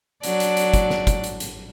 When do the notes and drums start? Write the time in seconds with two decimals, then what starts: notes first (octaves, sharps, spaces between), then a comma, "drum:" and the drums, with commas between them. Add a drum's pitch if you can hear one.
0.23 F#3 D4 D5, drum: hi-hat
0.40 drum: hi-hat
0.57 drum: hi-hat
0.74 drum: kick, hi-hat
0.90 drum: snare
1.07 drum: kick, hi-hat
1.24 drum: hi-hat
1.40 drum: hi-hat